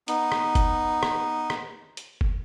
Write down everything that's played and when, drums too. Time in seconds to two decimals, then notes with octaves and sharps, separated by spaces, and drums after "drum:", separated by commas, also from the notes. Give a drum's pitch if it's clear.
0.08 B3 D#4, drum: hi-hat
0.32 drum: rim click
0.55 drum: kick F#1, hi-hat
1.03 drum: rim click
1.50 drum: rim click
1.97 drum: hi-hat
2.21 drum: kick F#1